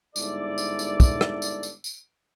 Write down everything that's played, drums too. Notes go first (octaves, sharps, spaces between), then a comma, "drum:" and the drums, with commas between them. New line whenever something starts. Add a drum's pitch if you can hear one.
G1 G#2 E4 A4 D5, drum: tambourine
drum: tambourine
drum: tambourine
drum: kick, tambourine
drum: rim click
drum: tambourine
drum: tambourine
drum: tambourine